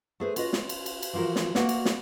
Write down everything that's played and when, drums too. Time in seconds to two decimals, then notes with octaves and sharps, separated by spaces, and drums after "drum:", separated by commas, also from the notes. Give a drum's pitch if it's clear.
0.20 A3 G#4 B4 C5
0.36 C#4 F4 F#4 B4 D#5, drum: cymbal
0.53 drum: snare
0.69 drum: cymbal
0.86 drum: cymbal
1.03 drum: cymbal
1.13 E3 F3 F4 F#4 A#4
1.36 drum: snare
1.55 A3 A#3 F#4 B4 D5 F#5, drum: snare
1.69 drum: cymbal
1.85 drum: snare